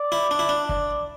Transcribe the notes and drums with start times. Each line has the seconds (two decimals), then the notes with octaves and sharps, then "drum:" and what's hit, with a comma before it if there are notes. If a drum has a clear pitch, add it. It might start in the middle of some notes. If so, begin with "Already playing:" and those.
Already playing: D5
0.12 E4
0.31 D4
0.39 E4
0.49 D4
0.69 D5, drum: kick